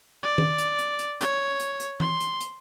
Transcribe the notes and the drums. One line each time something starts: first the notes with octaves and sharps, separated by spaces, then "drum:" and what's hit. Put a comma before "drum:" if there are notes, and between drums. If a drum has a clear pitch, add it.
D5
drum: tom D#3
drum: hi-hat
drum: hi-hat
drum: hi-hat
C#5, drum: hi-hat
drum: hi-hat
drum: hi-hat
C6, drum: tom E3
drum: hi-hat
drum: hi-hat